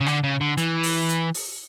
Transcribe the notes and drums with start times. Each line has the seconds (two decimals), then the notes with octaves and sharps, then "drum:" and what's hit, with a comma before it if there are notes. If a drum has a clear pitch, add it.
0.01 C#3
0.06 D3, drum: rim click
0.23 C#3
0.41 D3
0.57 E3, drum: hi-hat
0.83 drum: open hi-hat
1.09 drum: hi-hat
1.34 drum: open hi-hat